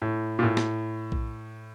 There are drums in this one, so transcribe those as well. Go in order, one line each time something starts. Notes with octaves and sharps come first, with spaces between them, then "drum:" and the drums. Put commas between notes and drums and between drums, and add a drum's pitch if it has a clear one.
A2
A#2
A2
drum: snare
drum: kick A#1